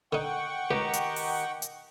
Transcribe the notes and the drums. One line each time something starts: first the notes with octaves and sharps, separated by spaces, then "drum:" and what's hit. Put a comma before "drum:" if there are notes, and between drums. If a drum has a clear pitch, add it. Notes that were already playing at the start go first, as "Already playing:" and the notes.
D3 D#4 F#5 G5 C#6
C#2 D#3 D#4 G4
drum: hi-hat
drum: open hi-hat
drum: hi-hat